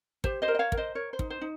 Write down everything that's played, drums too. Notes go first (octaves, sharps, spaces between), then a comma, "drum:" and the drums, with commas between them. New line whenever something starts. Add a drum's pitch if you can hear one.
G4 C5, drum: kick
C5 D#5
A#4
D#5
C#5 F5
A#4, drum: kick
C5 D#5
A#4 C#5
C5
D#4, drum: kick
C5
D#4